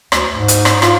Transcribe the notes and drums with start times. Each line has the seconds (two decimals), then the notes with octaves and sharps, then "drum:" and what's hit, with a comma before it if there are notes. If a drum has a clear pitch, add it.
0.12 D2, drum: rim click
0.34 G#2
0.48 drum: hi-hat
0.65 drum: rim click
0.82 F4, drum: rim click